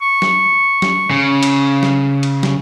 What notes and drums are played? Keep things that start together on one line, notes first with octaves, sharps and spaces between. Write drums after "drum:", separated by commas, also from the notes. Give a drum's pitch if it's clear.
C#6
drum: snare
drum: snare
C#3
drum: cymbal
drum: snare
drum: cymbal
drum: snare